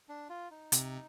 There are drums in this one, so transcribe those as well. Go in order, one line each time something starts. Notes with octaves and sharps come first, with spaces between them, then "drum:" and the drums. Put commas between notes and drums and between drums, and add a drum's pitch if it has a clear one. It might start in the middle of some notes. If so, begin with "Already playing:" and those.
D4
F4
D#4
C3, drum: hi-hat